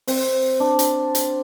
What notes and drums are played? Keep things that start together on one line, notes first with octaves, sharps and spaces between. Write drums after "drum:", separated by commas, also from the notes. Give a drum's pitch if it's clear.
C4, drum: open hi-hat
D4
drum: hi-hat
drum: hi-hat